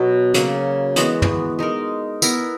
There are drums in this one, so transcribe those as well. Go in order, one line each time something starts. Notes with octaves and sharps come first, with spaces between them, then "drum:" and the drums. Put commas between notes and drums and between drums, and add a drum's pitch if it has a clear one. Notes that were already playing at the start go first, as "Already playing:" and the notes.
Already playing: B2 F#3 B3
C#3 F#3 A#3, drum: hi-hat
E3 G#3 B3 F#4, drum: hi-hat
drum: tom
G#3 D#4 A#4
B3 E4 A#4, drum: tambourine